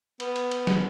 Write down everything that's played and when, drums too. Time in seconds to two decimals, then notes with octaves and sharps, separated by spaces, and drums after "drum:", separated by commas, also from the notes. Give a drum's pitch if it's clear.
0.20 B3, drum: cymbal
0.36 drum: cymbal
0.51 drum: cymbal
0.67 drum: snare